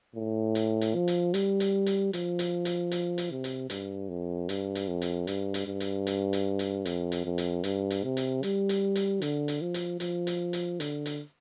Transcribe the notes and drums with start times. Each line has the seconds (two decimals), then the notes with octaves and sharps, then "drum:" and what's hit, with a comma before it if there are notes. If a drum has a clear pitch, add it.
0.16 A2
0.55 drum: hi-hat
0.81 drum: hi-hat
0.95 F3
1.08 drum: hi-hat
1.34 G3, drum: hi-hat
1.60 drum: hi-hat
1.86 drum: hi-hat
2.13 F3, drum: hi-hat
2.39 drum: hi-hat
2.65 drum: hi-hat
2.91 drum: hi-hat
3.18 drum: hi-hat
3.31 C3
3.44 drum: hi-hat
3.70 G2, drum: hi-hat
4.09 F2
4.49 G2, drum: hi-hat
4.75 drum: hi-hat
4.88 F2
5.02 drum: hi-hat
5.27 G2, drum: hi-hat
5.54 drum: hi-hat
5.67 G2
5.80 drum: hi-hat
6.07 drum: hi-hat
6.33 drum: hi-hat
6.59 drum: hi-hat
6.85 F2, drum: hi-hat
7.12 drum: hi-hat
7.25 F2
7.38 drum: hi-hat
7.64 G2, drum: hi-hat
7.90 drum: hi-hat
8.04 C3
8.17 drum: hi-hat
8.43 G3, drum: hi-hat
8.69 drum: hi-hat
8.96 drum: hi-hat
9.22 D3, drum: hi-hat
9.48 drum: hi-hat
9.61 F3
9.74 drum: hi-hat
10.00 F3, drum: hi-hat
10.27 drum: hi-hat
10.53 drum: hi-hat
10.80 D3, drum: hi-hat
11.06 drum: hi-hat